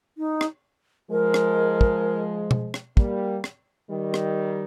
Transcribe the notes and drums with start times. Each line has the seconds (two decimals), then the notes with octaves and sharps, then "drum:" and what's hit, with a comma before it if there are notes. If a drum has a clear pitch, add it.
0.18 D#4
0.41 drum: rim click
1.11 F3 G#3 A#4
1.34 drum: rim click
1.81 drum: kick
2.51 drum: tom B2
2.74 drum: rim click
2.97 G3 A#3, drum: kick
3.44 drum: rim click
3.90 D#3 G3
4.14 drum: rim click